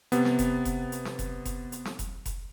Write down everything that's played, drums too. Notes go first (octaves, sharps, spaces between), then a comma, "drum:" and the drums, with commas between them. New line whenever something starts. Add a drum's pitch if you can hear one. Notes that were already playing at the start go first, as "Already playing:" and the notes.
C3 B3, drum: hi-hat
drum: snare
drum: kick F1, hi-hat
drum: kick F1, hi-hat
drum: hi-hat
drum: snare
drum: kick F1, hi-hat
drum: kick F1, hi-hat
drum: hi-hat
drum: snare
drum: kick F1, hi-hat
drum: kick F1, hi-hat